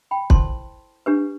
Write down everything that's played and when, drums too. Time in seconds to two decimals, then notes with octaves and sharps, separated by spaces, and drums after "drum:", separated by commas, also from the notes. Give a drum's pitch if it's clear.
0.11 G5 B5
0.30 E4 A4 C5 A5 C6, drum: kick
1.06 D4 G4 B4